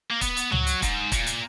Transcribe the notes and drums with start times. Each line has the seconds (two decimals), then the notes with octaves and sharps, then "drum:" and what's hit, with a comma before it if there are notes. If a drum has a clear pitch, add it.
0.11 A#3
0.21 B3, drum: kick, hi-hat
0.37 drum: hi-hat
0.52 F#3, drum: tom C#2
0.67 drum: hi-hat
0.82 G#2, drum: kick, hi-hat
1.12 A#2, drum: kick, hi-hat
1.27 drum: hi-hat